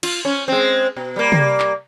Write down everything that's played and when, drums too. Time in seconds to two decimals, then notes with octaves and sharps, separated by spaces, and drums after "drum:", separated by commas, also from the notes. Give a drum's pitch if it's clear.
0.03 F4, drum: cymbal
0.25 C#4
0.48 G#3 C4
0.96 B2
1.16 G3 A#3
1.32 drum: tom
1.60 drum: clap